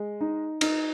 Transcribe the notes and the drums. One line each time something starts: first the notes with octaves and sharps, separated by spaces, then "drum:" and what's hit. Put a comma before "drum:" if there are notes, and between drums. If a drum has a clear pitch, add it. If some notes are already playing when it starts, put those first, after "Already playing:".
Already playing: G#3
D#4
D#4, drum: cymbal